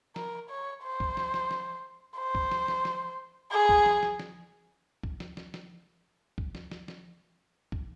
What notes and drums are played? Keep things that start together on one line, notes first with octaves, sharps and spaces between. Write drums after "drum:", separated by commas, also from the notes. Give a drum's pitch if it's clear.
A#4, drum: snare
C#5
C5
drum: kick
drum: snare
drum: snare
drum: snare
C5
drum: kick
drum: snare
drum: snare
drum: snare
G#4
drum: kick
drum: snare
drum: snare
drum: snare
drum: kick
drum: snare
drum: snare
drum: snare
drum: kick
drum: snare
drum: snare
drum: snare
drum: kick